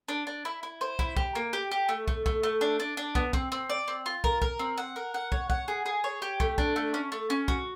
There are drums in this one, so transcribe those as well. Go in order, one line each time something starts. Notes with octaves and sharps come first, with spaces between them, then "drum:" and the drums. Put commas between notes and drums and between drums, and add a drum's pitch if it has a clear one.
D4
D4
E4
E4
C5
E4, drum: kick
G4, drum: kick
A#3
G4
G4
A3
A3, drum: kick
A3, drum: kick
A3
D4
D4
D4
B3, drum: kick
C4, drum: kick
C4
D5
C4
F4
A#4, drum: kick
A#4, drum: kick
C4
F#5
A#4
F#5
C#5, drum: kick
F#5, drum: kick
G#4
G#4
C#5
G4
A3, drum: kick
D4, drum: kick
A3
C#4
A3
C#4
F#4, drum: kick